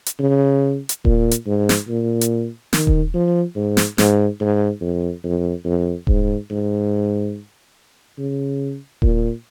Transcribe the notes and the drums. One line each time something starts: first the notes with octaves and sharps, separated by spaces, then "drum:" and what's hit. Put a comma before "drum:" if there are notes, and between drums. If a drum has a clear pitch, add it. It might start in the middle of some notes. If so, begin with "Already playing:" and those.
drum: hi-hat
C#3
drum: hi-hat
A#2, drum: kick D#1
drum: hi-hat
G#2
drum: snare
A#2
drum: hi-hat
D#3, drum: snare
drum: kick D#1
F3
G#2
drum: snare
G#2, drum: snare
G#2
F2
F2
F2
G#2, drum: kick D#1
G#2
C#3
A#2, drum: kick D#1